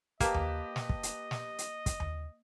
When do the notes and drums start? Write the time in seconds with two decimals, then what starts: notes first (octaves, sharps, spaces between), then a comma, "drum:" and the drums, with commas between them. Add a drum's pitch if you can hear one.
0.20 A#3 G4 B4 D#5 A5, drum: kick, hi-hat
0.34 drum: tom D#2
0.76 drum: snare
0.89 drum: kick
1.03 drum: hi-hat
1.31 drum: snare
1.59 drum: hi-hat
1.86 drum: kick, hi-hat
2.00 drum: tom D#2